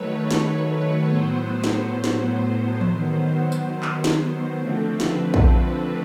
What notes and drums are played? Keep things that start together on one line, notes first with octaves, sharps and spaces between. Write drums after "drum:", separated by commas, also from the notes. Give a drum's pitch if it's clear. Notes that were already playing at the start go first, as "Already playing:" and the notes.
Already playing: D#3 F#3 A3 B4 C#5
C#5
drum: snare
A2 F#3 B3 C5
drum: snare
drum: snare
D#3 F#3 B3 C5, drum: tom E3
drum: tambourine
drum: clap
drum: snare
D3 F3 A3 C4
B4, drum: snare
drum: kick
B4